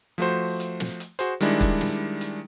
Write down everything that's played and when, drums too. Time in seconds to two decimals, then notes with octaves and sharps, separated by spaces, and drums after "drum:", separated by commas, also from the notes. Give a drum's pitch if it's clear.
0.18 F3 A3 F#4 C5
0.60 drum: hi-hat
0.80 drum: snare
1.00 drum: hi-hat
1.19 F#4 G#4 C5, drum: hi-hat
1.40 D#3 G3 G#3 D4 E4, drum: hi-hat
1.61 drum: kick, hi-hat
1.81 drum: snare
2.21 drum: hi-hat